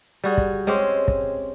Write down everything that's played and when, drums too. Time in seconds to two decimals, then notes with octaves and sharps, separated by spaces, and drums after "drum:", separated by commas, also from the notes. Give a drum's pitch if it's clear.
0.24 G3 F#4 G#4
0.38 drum: kick
0.67 G#3 C4 C#4 G4
1.08 drum: kick